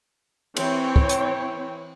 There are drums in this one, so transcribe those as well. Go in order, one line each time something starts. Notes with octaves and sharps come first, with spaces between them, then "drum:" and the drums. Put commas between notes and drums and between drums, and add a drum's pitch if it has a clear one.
E3 C4 C#5 G5, drum: cymbal
drum: kick
drum: hi-hat